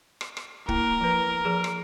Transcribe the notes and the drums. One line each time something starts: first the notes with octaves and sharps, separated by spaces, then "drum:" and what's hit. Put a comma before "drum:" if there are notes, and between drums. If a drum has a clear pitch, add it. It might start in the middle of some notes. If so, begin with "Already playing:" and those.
drum: rim click
drum: rim click
A#3 E4 A#4, drum: kick
F3 B4
F3 G#4
drum: rim click